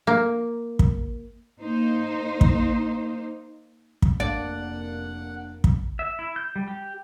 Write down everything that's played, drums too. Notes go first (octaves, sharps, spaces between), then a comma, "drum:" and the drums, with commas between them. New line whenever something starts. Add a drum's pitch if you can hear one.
A#3
drum: kick
A#3 D#4 C5
drum: kick
drum: kick
F1 A#3 D4 D5 F#5
drum: kick
E5
E4
G6
G3
G4